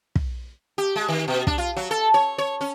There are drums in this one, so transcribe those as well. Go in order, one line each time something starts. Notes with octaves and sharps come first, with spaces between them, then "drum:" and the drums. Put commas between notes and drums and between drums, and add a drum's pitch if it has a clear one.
drum: kick
G4
G#3
D#3
B2
D4, drum: kick
F4
F#3
A4
C#5
C#5
C#4